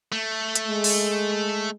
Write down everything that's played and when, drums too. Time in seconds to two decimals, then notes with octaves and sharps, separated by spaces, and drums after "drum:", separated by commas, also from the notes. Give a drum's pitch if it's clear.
0.12 A3
0.55 drum: hi-hat
0.67 G#3
0.84 drum: open hi-hat